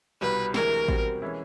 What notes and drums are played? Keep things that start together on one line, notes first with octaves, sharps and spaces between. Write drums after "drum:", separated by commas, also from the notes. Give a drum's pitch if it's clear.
C2 B2 G3 B4
D2 C3 E3 G#3 A#4, drum: snare
B2 G3 C4, drum: kick A1
E3 G#3 C#4 E4